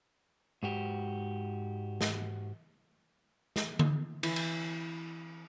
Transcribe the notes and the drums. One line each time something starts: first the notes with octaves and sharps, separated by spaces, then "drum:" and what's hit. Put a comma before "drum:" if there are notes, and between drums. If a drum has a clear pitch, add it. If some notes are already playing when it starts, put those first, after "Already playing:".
G#2 F#4 G4
drum: snare
drum: snare
drum: tom D3
E3, drum: cymbal
drum: cymbal